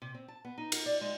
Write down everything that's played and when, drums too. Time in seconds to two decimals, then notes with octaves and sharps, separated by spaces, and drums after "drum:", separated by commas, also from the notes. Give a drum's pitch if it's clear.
0.02 C3
0.14 C4
0.28 A5
0.45 B3
0.58 D#4
0.72 A#4, drum: cymbal
0.86 D5
1.01 G#3